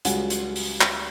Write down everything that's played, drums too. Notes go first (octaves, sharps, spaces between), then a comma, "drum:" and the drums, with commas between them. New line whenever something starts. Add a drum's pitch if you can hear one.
C#2 F#3 G3 F#5 G#5, drum: hi-hat
drum: hi-hat
drum: open hi-hat
drum: clap